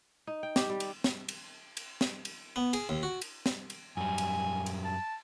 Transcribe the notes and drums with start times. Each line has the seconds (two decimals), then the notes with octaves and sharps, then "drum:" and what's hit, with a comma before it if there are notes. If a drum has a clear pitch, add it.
0.27 D#4
0.43 G5
0.56 G4, drum: snare
0.70 G3
0.80 drum: cymbal
1.04 drum: snare
1.28 drum: cymbal
1.77 drum: cymbal
2.01 drum: snare
2.25 drum: cymbal
2.56 B3
2.73 G#4, drum: cymbal
2.89 D#2
3.03 F#4
3.22 drum: cymbal
3.46 drum: snare
3.70 drum: cymbal
3.97 F#2 G3 G#5
4.18 drum: cymbal
4.66 drum: cymbal
4.85 A5